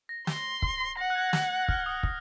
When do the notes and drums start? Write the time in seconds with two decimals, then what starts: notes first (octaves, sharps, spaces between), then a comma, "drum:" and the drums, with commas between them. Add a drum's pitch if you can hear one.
0.09 A#6
0.27 C6, drum: snare
0.62 drum: kick
0.97 F#5 A#6
1.10 F#6
1.15 G#6
1.33 drum: snare
1.68 F6, drum: kick
1.86 D#6
2.03 D#6, drum: kick